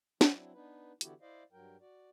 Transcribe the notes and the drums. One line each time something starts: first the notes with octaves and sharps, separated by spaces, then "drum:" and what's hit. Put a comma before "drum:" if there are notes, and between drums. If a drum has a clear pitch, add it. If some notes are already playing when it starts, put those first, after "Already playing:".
F#3 C4 D4 E4, drum: snare
B3 D4 D#4 B4
D3 E3 B3 E4 F#4 G4, drum: hi-hat
E4 C5 D5 D#5 F5
G2 F#3 A#4 G5
F#4 D5